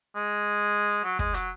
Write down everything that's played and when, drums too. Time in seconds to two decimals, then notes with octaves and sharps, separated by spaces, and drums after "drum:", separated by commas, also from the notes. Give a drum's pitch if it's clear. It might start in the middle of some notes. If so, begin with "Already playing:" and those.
0.15 G#3
1.04 F#3
1.19 G#3, drum: kick
1.34 F#3, drum: hi-hat